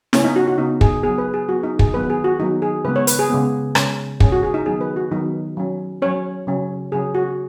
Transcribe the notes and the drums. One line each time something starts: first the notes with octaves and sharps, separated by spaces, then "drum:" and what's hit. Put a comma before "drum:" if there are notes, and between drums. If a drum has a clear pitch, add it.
C#3 B3 C#4, drum: snare
D#4
F#4
F#4
C#3 B3 D#4
G#4, drum: kick
F#3 B3 G#4
B4
G#4
F#3 B3 F#4
D#4
G#4, drum: kick
D#3 F#3 B3 B4
G#4
F#4
D#3 F#3 B3 D#4
G#4
C#3 G#3 B3 B4
C#5
B4, drum: hi-hat
G#4
C#3 G#3 B3
C#3 G#3 C#4, drum: rim click
C#3 G#3 C#4 G#4, drum: kick
F#4
G#4
D#4
D#3 F#3 B3 G#4
B4
F#4
D#3 F#3 B3 D#4
F#3 C#4
F#3 C#4 C#5
C#3 F#3 C#4
C#3 F#3 C#4 G#4
F#4